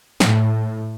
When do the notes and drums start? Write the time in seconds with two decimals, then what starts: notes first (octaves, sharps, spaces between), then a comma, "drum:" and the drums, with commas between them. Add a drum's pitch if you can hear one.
0.20 A2, drum: snare